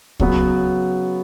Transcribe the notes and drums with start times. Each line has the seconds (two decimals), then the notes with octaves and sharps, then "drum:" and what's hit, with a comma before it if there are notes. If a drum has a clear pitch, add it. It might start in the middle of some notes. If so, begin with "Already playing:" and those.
0.20 C#3 F#3 B3, drum: kick